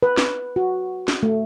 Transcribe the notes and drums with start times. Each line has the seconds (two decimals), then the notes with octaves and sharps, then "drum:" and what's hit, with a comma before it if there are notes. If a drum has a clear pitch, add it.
0.03 B4
0.18 drum: snare
0.56 F#4
1.08 drum: snare
1.23 A3